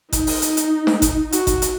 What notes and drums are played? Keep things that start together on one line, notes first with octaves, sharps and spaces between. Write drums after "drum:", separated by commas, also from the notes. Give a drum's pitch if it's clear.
D#4, drum: kick G1, hi-hat
drum: open hi-hat
drum: hi-hat
drum: hi-hat
drum: snare
drum: kick G1, hi-hat
F#4, drum: hi-hat
drum: kick G1, hi-hat
drum: hi-hat